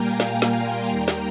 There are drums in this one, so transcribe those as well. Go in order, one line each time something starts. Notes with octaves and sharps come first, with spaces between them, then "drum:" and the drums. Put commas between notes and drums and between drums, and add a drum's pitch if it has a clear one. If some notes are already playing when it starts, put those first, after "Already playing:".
Already playing: A#2 G3 A#3 F5 G5 G#5 A#5
G5 A#5, drum: snare
drum: snare
G#5 C6
D#2 D#3 G3 A#3 G5 A#5, drum: cymbal
drum: snare